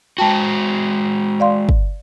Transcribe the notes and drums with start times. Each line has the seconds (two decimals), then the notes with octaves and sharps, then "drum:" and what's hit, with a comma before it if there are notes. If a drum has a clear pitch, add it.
0.18 G#3 F#4 G5 A5
1.40 D5 F5 C6
1.69 drum: kick